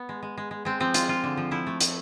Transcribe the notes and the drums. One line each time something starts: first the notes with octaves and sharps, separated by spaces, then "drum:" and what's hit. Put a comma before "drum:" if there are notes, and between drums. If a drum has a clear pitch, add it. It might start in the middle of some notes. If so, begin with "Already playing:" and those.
Already playing: B3
G#3
G#3
G#3
G#3
G#3 C4
F3 C4
G#3 F4, drum: hi-hat
G#3 F4
D3
F3
F3 E4
A3
A3, drum: hi-hat